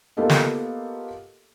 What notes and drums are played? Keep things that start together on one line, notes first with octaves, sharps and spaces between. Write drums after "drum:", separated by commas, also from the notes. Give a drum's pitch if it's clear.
A#3 B3 F4 G4 A4 D#5
drum: snare